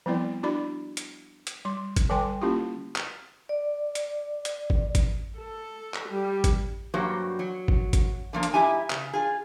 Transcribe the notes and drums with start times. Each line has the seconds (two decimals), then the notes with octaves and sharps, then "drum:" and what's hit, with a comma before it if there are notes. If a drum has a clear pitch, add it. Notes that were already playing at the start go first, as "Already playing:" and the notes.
0.06 F3 G3 B3 C4 E4 D5
0.43 D4 E4 F#4 D5 B5
0.97 drum: hi-hat
1.47 drum: hi-hat
1.65 G3 C6
1.96 drum: kick G#1, hi-hat
2.10 D3 G3 B4 G5 G#5 C6
2.42 A#3 C#4 E4 F4 G4
2.96 drum: clap
3.49 D5
3.95 drum: hi-hat
4.45 drum: hi-hat
4.70 drum: kick G#1
4.95 drum: kick G#1, hi-hat
5.38 A4
5.94 drum: clap
6.09 G3
6.44 drum: kick G#1, hi-hat
6.94 G2 F#3 A#3 F#4 G4 C5
7.39 F#3
7.68 drum: kick G#1
7.93 drum: kick G#1, hi-hat
8.33 D3 F3 A#3
8.43 drum: hi-hat
8.54 G#2 E4 G4 G#5
8.90 C#3, drum: clap
9.13 F4 G#4